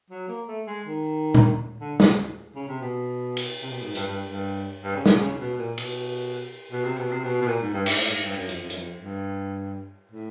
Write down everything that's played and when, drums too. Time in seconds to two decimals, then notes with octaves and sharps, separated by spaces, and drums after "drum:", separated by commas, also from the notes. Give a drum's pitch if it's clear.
0.11 F#3
0.29 A#3
0.48 A3
0.67 G#3
0.87 D#3
1.34 drum: tom
1.81 D3
2.00 C#3, drum: snare
2.56 C#3
2.68 C3
2.82 B2
3.37 drum: cymbal
3.63 C3
3.70 B2
3.83 G#2
3.95 G2, drum: hi-hat
4.07 G2
4.26 G2
4.84 G2
4.96 C#3
5.06 drum: snare
5.21 C#3
5.40 B2
5.59 A#2
5.78 B2, drum: cymbal
6.72 B2
6.85 C3
6.98 B2
7.11 C3
7.24 B2
7.42 B2
7.48 A#2
7.61 G#2
7.74 G2
7.86 G#2, drum: cymbal
7.98 A2
8.11 G#2
8.23 G2
8.36 F#2
8.49 F2, drum: hi-hat
8.62 F2
8.70 F#2, drum: hi-hat
8.78 F2
8.99 G2
10.12 A2